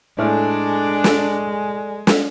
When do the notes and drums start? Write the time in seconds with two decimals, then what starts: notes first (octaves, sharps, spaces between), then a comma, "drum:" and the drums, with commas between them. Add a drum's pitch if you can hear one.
0.18 A2 G#3 A3 D4 A4 D5 G#5 F6
1.04 drum: snare
2.07 drum: snare